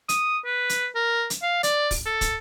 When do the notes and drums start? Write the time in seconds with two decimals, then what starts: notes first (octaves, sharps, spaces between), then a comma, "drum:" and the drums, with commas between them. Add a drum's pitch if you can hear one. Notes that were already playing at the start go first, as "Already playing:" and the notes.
0.09 D#6, drum: hi-hat
0.45 B4
0.69 drum: hi-hat
0.95 A#4
1.30 drum: hi-hat
1.42 F5
1.63 D5, drum: hi-hat
1.91 drum: kick, open hi-hat
2.06 A4
2.21 drum: kick, hi-hat